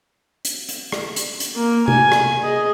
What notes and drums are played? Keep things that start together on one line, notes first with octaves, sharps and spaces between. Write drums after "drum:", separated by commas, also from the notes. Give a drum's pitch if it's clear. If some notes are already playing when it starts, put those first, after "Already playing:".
drum: hi-hat
drum: hi-hat
drum: rim click
drum: hi-hat
drum: hi-hat
A#3
G#5, drum: tom C3
drum: rim click
G#4 D#5